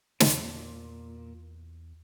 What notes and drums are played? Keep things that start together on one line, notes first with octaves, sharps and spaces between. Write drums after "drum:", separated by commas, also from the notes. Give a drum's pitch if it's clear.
E2 A#2, drum: snare